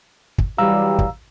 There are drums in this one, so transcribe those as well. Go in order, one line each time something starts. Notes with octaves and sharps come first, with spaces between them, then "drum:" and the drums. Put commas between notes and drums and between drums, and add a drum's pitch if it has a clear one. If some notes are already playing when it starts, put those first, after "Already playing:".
drum: kick
E3 F#3 G3 F5 A#5 E6
drum: kick